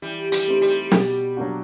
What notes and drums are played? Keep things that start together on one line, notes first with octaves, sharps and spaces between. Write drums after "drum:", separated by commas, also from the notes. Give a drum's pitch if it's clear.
E3 G3
G3, drum: hi-hat
A3 C4 D#4 G4
G3
B2, drum: snare
F#3 A#3 D4 F#4